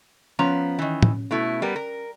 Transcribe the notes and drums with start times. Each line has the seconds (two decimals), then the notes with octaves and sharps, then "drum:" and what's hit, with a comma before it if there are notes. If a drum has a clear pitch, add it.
0.39 F3 B3 C#4 A#5
0.79 D#3 E3
1.03 drum: tom
1.31 B2 A3 E4
1.62 G3 B3 A#4
1.76 A#4